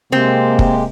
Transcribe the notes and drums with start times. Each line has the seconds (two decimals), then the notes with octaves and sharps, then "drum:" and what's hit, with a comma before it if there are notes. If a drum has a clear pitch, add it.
0.12 C3 G#3 A#3 C4 G4
0.59 drum: kick